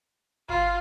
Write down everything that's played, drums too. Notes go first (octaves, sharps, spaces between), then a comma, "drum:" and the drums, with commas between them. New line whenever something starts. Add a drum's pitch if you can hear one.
F4, drum: kick G1